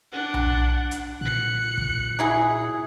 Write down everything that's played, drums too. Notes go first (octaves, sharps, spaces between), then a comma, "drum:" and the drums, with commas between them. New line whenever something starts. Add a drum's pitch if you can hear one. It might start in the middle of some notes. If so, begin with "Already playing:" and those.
D4 F#5
drum: tom B1
drum: hi-hat
A#2 F#6 C#7
drum: kick
F#3 E4 G#4